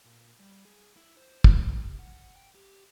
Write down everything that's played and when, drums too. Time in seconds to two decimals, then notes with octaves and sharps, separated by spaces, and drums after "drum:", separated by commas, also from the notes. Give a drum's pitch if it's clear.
0.05 A#2
0.40 G3
0.65 G#4
0.97 E4
1.17 C5
1.44 drum: kick
1.59 C#2
1.78 C3
1.99 F#5
2.36 G5
2.55 G4